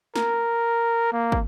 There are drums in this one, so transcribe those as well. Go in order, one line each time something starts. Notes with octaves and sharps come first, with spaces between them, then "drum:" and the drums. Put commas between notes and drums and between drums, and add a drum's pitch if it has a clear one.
A#4, drum: snare
A#3
drum: kick